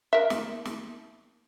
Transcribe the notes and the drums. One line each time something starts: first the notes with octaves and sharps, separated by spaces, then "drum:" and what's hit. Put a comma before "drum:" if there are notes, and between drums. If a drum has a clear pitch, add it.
A#4 E5
drum: snare
drum: snare